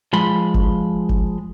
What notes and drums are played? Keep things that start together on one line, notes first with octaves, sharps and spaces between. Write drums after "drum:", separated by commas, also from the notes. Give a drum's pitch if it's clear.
F3 G#3 B5 C6
drum: kick F#1
drum: kick F#1